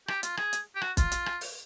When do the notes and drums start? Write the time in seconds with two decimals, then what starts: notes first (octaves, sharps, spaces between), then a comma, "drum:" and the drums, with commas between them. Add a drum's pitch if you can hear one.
0.08 G4, drum: rim click
0.23 F4, drum: hi-hat
0.37 G#4, drum: rim click
0.53 drum: hi-hat
0.75 G4
0.81 F#4, drum: rim click
0.97 F4, drum: kick, hi-hat
1.12 drum: hi-hat
1.26 drum: rim click
1.41 drum: open hi-hat